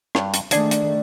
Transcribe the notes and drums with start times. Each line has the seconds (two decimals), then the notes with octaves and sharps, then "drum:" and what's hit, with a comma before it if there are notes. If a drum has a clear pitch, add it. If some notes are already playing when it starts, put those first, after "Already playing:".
0.15 G2, drum: rim click
0.34 drum: hi-hat
0.51 D#3 A3 D4 G#4, drum: hi-hat
0.71 drum: hi-hat